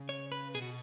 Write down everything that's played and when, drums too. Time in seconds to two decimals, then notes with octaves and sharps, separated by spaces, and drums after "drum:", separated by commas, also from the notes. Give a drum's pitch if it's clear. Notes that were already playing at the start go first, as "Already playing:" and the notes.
Already playing: C#3
0.09 C#5
0.32 B4
0.54 B2 G#4, drum: hi-hat
0.62 F#4